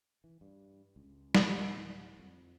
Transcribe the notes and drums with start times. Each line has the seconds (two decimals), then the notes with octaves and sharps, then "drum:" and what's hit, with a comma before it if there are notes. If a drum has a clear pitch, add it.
0.24 E3
0.41 G2
0.96 C#2
1.35 drum: snare
1.58 D1
2.19 F2